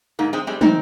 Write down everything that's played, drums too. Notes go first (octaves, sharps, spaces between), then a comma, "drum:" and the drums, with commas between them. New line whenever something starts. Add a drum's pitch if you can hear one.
G#2 A#3
G#3 C4
G3 G#3 C4
C4 D#4, drum: tom